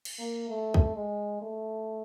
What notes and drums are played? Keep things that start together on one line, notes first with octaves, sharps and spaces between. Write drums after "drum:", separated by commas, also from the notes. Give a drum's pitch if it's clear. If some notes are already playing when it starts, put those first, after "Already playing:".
drum: cymbal
A#3
A3
drum: kick C2
G#3
A3